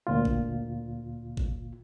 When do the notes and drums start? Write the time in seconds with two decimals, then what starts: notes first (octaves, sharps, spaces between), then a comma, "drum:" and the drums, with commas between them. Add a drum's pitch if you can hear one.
0.07 D2 A#2 F4
0.25 drum: kick G#1
1.37 drum: kick G#1